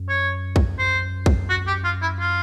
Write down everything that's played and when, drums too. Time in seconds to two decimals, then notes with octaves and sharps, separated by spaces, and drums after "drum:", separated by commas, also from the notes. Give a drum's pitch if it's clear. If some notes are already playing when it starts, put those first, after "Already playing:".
Already playing: F#2
0.09 C#5
0.56 drum: kick
0.79 F#2 C5
1.26 drum: kick
1.50 F#4
1.67 G4
1.85 F4
2.02 E4
2.20 F4